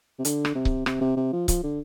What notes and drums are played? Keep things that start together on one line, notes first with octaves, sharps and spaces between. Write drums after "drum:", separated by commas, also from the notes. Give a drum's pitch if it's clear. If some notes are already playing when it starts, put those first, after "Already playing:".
C3
D3, drum: hi-hat
drum: rim click
C3
drum: kick C#1
C3, drum: rim click
C3
C3
F3
F3, drum: kick C#1, hi-hat
D3